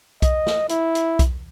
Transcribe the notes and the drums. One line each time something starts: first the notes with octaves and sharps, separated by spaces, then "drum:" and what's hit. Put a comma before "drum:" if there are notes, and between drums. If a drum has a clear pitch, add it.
D#5, drum: kick B1, hi-hat
drum: snare
E4, drum: hi-hat
drum: hi-hat
drum: kick B1, hi-hat